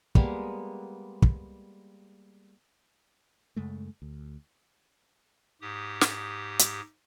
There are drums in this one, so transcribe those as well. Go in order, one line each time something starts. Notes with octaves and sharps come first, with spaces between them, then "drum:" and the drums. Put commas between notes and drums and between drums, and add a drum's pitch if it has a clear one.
G3 G#3 A#3 B3, drum: kick
drum: kick
F#2 C#3 G#3 A3
D2
G#2 G4 D#6
drum: snare
drum: hi-hat